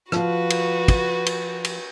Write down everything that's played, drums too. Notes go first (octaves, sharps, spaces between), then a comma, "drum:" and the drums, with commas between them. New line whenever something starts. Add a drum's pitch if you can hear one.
F3 F#4 B4 F5, drum: rim click
drum: cymbal
drum: kick, cymbal
drum: cymbal
drum: cymbal